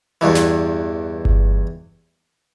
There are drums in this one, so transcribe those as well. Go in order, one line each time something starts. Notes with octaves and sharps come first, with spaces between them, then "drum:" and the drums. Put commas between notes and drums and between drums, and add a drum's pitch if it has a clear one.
E2 G2 B2 E3
drum: snare
drum: kick G1